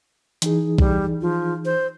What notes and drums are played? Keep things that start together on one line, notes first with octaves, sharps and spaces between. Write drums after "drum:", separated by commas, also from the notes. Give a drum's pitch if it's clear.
E3 D#4 G#4, drum: hi-hat
G3, drum: kick B1
F3
C5